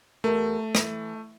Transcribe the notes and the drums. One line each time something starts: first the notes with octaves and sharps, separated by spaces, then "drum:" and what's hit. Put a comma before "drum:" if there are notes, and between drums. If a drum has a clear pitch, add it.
E2 A3 G4 A#4
E3, drum: rim click